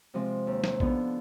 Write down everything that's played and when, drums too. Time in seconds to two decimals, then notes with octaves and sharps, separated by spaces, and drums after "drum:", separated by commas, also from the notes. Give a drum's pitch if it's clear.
0.14 C3 F3 G#3 C4
0.47 D#2
0.64 drum: snare
0.80 D3 F3 B3 D#4, drum: kick A#1